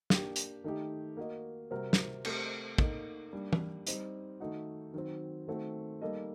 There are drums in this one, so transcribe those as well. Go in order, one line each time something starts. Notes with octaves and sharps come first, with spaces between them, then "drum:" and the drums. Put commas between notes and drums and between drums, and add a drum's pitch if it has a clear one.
A#3 D4 G4, drum: snare
drum: hi-hat
D#3 A3 D#4 G4
A#3 F#4 A#4 D#5
C3 G3 C4 F#4 A#4
drum: snare
A3 C4 G4 A#4, drum: cymbal
A#3 D#4 A4, drum: kick
G3 A#3 D4
drum: tom
G3 C4 D#4, drum: hi-hat
D#3 A3 D#4 F#4
D#3 F#3 C4
D#3 A3 C4 F#4
G3 A#3 D#4 A4 D#5